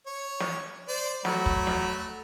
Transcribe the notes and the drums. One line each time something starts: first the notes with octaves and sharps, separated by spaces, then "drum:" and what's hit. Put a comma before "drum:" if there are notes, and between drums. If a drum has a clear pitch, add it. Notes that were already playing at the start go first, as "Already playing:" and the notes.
C#5
drum: snare
C5 D5
F#3 A3 B5, drum: snare
drum: kick
drum: snare